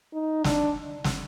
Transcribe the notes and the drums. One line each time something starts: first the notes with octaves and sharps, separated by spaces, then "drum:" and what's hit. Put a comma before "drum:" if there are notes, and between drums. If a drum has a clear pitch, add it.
D#4
D4, drum: snare
drum: snare